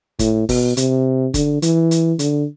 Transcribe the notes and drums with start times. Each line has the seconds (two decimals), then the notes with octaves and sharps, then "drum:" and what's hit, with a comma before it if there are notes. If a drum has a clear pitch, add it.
0.19 A2, drum: kick, hi-hat
0.49 B2, drum: kick, open hi-hat
0.77 C3, drum: hi-hat
1.34 D3, drum: kick, hi-hat
1.62 E3, drum: hi-hat
1.91 drum: hi-hat
2.19 D3, drum: hi-hat